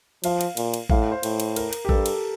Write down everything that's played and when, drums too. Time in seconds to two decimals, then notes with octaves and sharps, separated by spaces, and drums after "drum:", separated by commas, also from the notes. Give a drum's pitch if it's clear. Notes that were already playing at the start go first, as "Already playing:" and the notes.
0.24 F3 F5, drum: cymbal
0.41 drum: cymbal
0.57 A#2, drum: cymbal
0.74 drum: cymbal
0.90 A2 F5, drum: kick A1
1.12 C5
1.23 A2, drum: cymbal
1.40 drum: cymbal
1.56 A#4, drum: cymbal
1.73 drum: cymbal
1.85 G4
1.89 G2 A4, drum: kick A1
2.06 drum: cymbal